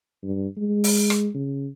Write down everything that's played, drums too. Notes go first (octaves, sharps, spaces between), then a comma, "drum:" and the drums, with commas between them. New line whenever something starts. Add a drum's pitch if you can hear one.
G2
G#3
drum: open hi-hat
drum: rim click
C#3